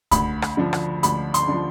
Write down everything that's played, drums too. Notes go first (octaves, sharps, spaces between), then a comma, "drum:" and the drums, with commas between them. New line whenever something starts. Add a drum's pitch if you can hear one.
D2 B5, drum: kick C2, hi-hat
drum: rim click
D3 F3
drum: rim click
D2 B5, drum: hi-hat
C6, drum: hi-hat
D3 F3